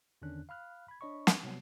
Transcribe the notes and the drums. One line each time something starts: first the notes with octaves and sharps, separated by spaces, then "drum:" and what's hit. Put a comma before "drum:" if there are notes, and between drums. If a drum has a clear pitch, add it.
E2 D3 D#3 C#4 D4 F#6
F5 B5 F6 F#6
B5 G#6
D4 C#5 D#5 B5 C#6
drum: snare
C3 F#3 G3 B3 C4